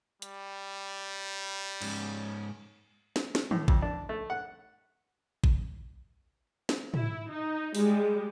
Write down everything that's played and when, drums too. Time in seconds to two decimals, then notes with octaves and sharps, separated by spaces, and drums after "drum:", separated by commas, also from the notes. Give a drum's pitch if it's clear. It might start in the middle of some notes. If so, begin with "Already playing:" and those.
0.22 G3, drum: hi-hat
1.82 G#2 C#4, drum: cymbal
3.16 drum: snare
3.35 drum: snare
3.51 A2, drum: tom
3.68 F2, drum: kick
3.82 D4
4.09 A3
4.30 F#5
5.44 drum: kick
6.69 drum: snare
6.94 E4, drum: tom
7.31 D#4
7.75 G3 G#3, drum: open hi-hat